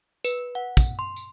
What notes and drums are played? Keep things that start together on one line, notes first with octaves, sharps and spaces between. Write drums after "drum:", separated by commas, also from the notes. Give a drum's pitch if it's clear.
B4, drum: tambourine
F#5
drum: kick, tambourine
C6
drum: tambourine